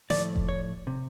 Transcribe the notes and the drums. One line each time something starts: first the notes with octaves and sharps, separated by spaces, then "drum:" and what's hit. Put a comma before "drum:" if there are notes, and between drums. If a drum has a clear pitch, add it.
A2 F3 A3 D5, drum: snare
drum: kick F1
C#5
C3